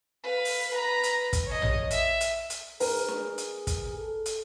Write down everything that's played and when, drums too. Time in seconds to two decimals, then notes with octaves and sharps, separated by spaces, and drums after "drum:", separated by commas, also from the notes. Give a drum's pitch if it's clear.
0.23 B4 F5
0.45 drum: open hi-hat
0.71 B4 A#5
1.03 drum: hi-hat
1.33 drum: kick, hi-hat
1.45 C#5 D#5
1.62 drum: tom A#1
1.91 E5, drum: hi-hat
2.21 drum: hi-hat
2.50 drum: hi-hat
2.80 G#4 A#4 B4, drum: open hi-hat
3.08 drum: snare D4
3.38 drum: hi-hat
3.67 drum: kick, hi-hat
3.96 A4
4.26 drum: hi-hat